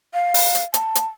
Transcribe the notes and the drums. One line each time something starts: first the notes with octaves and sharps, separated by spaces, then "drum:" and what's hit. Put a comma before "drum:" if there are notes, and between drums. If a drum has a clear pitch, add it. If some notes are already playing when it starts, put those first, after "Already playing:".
F5
drum: open hi-hat
drum: hi-hat
A5, drum: hi-hat
drum: hi-hat